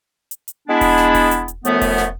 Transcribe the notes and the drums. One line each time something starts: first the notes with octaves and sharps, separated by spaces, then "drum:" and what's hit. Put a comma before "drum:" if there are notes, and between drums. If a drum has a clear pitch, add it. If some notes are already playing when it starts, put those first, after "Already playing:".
drum: hi-hat
drum: hi-hat
G#3 B3 D4 E4
drum: kick E1, open hi-hat
drum: snare
drum: kick E1, open hi-hat
drum: hi-hat
drum: hi-hat
F#2 A2 F3 A3 B3, drum: hi-hat
drum: kick E1, open hi-hat
drum: snare